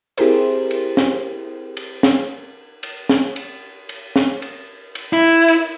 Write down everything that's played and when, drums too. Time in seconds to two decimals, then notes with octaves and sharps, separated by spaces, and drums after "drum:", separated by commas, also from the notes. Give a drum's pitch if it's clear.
0.18 C4 E4 G4 G#4 A#4 C5, drum: cymbal
0.71 drum: cymbal
0.97 drum: snare
1.77 drum: cymbal
2.03 drum: snare
2.83 drum: cymbal
3.09 drum: snare
3.36 drum: cymbal
3.89 drum: cymbal
4.16 drum: snare
4.42 drum: cymbal
4.95 drum: cymbal
5.13 E4
5.48 drum: cymbal